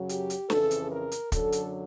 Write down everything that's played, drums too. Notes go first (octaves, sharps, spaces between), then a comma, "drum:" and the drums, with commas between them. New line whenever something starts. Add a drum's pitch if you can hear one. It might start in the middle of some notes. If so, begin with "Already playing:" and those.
Already playing: F#2 C#3 F#3
G4, drum: hi-hat
drum: hi-hat
F2 C#3 E3 A4, drum: snare
drum: hi-hat
A#4
drum: hi-hat
F#2 D3 F#3 A4, drum: kick, hi-hat
drum: hi-hat